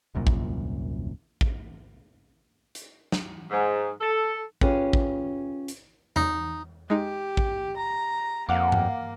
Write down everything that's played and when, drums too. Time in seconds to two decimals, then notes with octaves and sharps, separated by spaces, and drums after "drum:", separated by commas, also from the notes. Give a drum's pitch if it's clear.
0.15 D#1 C2 F#2 A#2
0.27 drum: kick A1
1.41 drum: kick A1
2.75 drum: hi-hat
3.12 drum: snare
3.51 G#2
4.01 A4
4.61 C#4 F4 G4 G#4 B4, drum: kick A1
4.93 drum: kick A1
5.68 drum: hi-hat
6.16 D#4, drum: tom E2
6.90 G#3 D#4 G4
7.37 drum: kick A1
7.77 A#5
8.49 F2 A#3 F5 F#5 D6
8.72 drum: tom G2